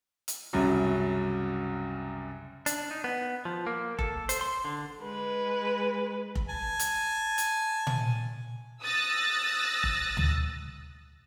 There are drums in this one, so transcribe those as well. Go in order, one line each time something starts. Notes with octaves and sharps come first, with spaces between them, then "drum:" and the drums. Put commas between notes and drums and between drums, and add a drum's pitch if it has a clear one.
drum: hi-hat
C2 F#2 C#3 F#3
D4, drum: hi-hat
D#4
B3
F3
A#3
A4, drum: kick F1
C5, drum: hi-hat
C6
D3
G#3 B4
drum: kick F1
G#5 A5
drum: hi-hat
drum: hi-hat
drum: tom
D#6 E6 F#6 A6 A#6
drum: kick F1
drum: tom